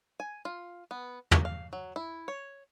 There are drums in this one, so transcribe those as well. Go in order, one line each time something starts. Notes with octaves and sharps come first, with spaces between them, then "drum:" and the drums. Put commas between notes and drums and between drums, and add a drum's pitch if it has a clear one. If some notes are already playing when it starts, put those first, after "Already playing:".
G#5
F4
B3
A#3, drum: tom
F5
F#3
E4
C#5